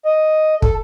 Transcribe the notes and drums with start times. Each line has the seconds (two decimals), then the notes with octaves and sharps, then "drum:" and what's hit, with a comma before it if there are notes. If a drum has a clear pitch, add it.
0.05 D#5
0.62 A4, drum: kick